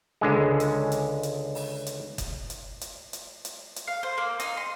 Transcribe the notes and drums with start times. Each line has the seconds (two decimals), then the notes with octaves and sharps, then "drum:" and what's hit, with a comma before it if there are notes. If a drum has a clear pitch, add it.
0.21 C#2 D3 G#3
0.60 drum: hi-hat
0.92 drum: hi-hat
1.23 drum: hi-hat
1.55 drum: open hi-hat
1.86 drum: hi-hat
2.18 drum: kick F#1, hi-hat
2.50 drum: hi-hat
2.81 drum: hi-hat
3.13 drum: hi-hat
3.45 drum: hi-hat
3.76 drum: hi-hat
3.88 F5
4.03 C5
4.18 A#3
4.40 D#4, drum: hi-hat
4.57 C6